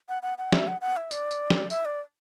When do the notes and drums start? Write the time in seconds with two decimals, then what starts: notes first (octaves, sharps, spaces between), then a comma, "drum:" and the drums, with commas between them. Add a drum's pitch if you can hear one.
0.09 F#5
0.23 F#5
0.38 F#5
0.52 E5, drum: snare
0.67 F#5
0.81 F#5
0.97 E5
1.11 D5, drum: tambourine
1.31 drum: tambourine
1.50 drum: snare
1.70 E5, drum: tambourine
1.85 D5